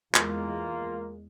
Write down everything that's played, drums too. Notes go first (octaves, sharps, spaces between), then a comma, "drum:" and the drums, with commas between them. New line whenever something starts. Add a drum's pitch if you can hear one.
E2 G#3 A#3 F4, drum: clap